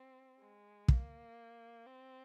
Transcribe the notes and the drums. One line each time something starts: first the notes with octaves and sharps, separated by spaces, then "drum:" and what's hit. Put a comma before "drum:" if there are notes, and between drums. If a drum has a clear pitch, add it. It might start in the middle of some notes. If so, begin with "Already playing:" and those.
Already playing: C4
G#3
A#3, drum: kick
C4